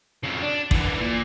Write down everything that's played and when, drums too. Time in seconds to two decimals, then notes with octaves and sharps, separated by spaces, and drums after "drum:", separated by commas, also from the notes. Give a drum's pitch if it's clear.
0.23 F2 C#3
0.43 D4
0.71 D3 E3, drum: kick
1.00 A#2